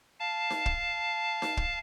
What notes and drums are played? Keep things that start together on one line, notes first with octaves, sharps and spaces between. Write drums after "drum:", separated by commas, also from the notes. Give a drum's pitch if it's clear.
F5 A5
drum: snare D#4
drum: kick
drum: snare D#4
drum: kick